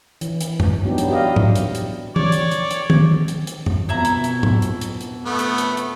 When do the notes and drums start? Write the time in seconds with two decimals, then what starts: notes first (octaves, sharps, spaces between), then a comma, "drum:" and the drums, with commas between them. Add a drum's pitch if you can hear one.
0.21 E3, drum: hi-hat
0.41 drum: hi-hat
0.60 drum: tom F#2
0.84 F#3 G3 B3 D4 D#4 G4
0.98 drum: hi-hat
1.10 E4 G4 D5 D#5 F5
1.36 drum: tom
1.56 drum: hi-hat
1.75 drum: hi-hat
2.16 C#5 D5, drum: tom
2.32 drum: hi-hat
2.51 drum: hi-hat
2.71 drum: hi-hat
2.90 drum: tom
3.28 drum: hi-hat
3.47 drum: hi-hat
3.66 drum: tom F#2
3.89 F2 B2 E4 E5 A#5
4.05 drum: hi-hat
4.24 drum: hi-hat
4.43 drum: tom
4.62 drum: hi-hat
4.81 drum: hi-hat
5.01 drum: hi-hat
5.25 A3 B3
5.39 drum: hi-hat
5.58 drum: hi-hat
5.77 drum: hi-hat